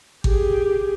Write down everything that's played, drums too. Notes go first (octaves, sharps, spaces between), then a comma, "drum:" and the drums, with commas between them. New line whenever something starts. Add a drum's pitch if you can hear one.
G4 G#4, drum: kick G#1